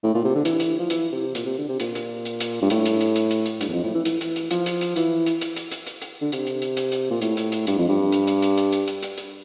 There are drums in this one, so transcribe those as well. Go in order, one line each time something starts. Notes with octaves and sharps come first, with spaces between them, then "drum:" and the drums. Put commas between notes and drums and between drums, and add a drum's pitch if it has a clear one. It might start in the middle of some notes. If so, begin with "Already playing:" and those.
A2
A#2
C3
D3
E3, drum: hi-hat
drum: hi-hat
F3
E3, drum: hi-hat
C3
A#2, drum: hi-hat
C3
D3
C3
A#2, drum: hi-hat
drum: hi-hat
drum: hi-hat
drum: hi-hat
G2
A2, drum: hi-hat
drum: hi-hat
drum: hi-hat
drum: hi-hat
drum: hi-hat
drum: hi-hat
G2, drum: hi-hat
E2
F2
A2
E3
E3, drum: hi-hat
drum: hi-hat
drum: hi-hat
F3, drum: hi-hat
drum: hi-hat
drum: hi-hat
E3, drum: hi-hat
drum: hi-hat
drum: hi-hat
drum: hi-hat
drum: hi-hat
drum: hi-hat
drum: hi-hat
D3
C3, drum: hi-hat
drum: hi-hat
drum: hi-hat
drum: hi-hat
drum: hi-hat
A#2
A2, drum: hi-hat
drum: hi-hat
drum: hi-hat
G2, drum: hi-hat
F2
G2
drum: hi-hat
drum: hi-hat
drum: hi-hat
drum: hi-hat
drum: hi-hat
drum: hi-hat
drum: hi-hat
drum: hi-hat